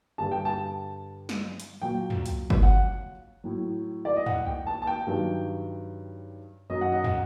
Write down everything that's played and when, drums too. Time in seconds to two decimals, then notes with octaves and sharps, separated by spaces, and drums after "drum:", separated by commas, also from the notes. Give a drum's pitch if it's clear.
0.18 G2 D3 G3 A5
0.32 G5
0.45 A5
1.29 drum: snare
1.60 drum: hi-hat
1.82 A#2 F#3 G5
2.10 drum: tom
2.26 drum: hi-hat
2.50 drum: kick
2.63 F#5
3.44 A2 F#3
4.05 D5
4.16 D#5
4.26 F#5, drum: tom
4.46 G5
4.67 A5
4.82 A5
4.87 G5
5.07 G2 D#3 F#3
6.70 F#2 F#3 D#5
6.81 F#5
6.92 D#5
7.04 F#5, drum: tom